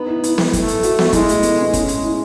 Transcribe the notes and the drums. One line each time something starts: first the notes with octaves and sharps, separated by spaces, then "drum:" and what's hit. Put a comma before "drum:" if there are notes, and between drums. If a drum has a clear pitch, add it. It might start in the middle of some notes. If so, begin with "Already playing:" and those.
Already playing: B3 D#4
E4
E4, drum: hi-hat
drum: snare B3
A3, drum: kick, hi-hat
drum: hi-hat
F#4, drum: hi-hat
F#4, drum: snare B3
A3
G#3 E4, drum: kick, hi-hat
A3, drum: hi-hat
B3, drum: hi-hat
B3
G#3 C#4, drum: kick, hi-hat
drum: hi-hat
E4